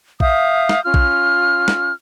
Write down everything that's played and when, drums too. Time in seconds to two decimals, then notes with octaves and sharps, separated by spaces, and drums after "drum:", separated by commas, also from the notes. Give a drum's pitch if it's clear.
0.20 E5 F5 D#6 G6, drum: kick A#1
0.69 drum: snare
0.84 C#4 F4 F6
0.94 drum: kick A#1
1.68 drum: snare